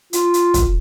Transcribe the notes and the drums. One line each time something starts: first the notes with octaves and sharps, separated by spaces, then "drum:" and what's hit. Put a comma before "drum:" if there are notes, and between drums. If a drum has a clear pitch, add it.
F4, drum: hi-hat
drum: hi-hat
drum: kick, hi-hat